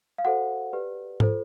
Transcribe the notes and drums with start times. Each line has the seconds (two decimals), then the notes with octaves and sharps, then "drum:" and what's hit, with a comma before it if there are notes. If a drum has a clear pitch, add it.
0.18 F5
0.25 F#4 A4 C5 F#5
0.73 G4 B4 D5
1.20 F4 A4 C5, drum: tom G#2